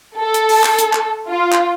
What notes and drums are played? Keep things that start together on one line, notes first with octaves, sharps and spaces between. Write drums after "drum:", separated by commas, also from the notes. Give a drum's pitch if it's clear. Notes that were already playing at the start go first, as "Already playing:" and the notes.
A4
drum: hi-hat
drum: open hi-hat
drum: clap
drum: hi-hat
drum: clap
F4
drum: clap